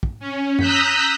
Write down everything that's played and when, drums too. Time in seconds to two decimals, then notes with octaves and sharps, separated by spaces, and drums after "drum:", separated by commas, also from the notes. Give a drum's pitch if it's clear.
0.03 drum: kick
0.19 C#4
0.59 A#5 D#6 E6 F#6 G6 B6, drum: tom F#2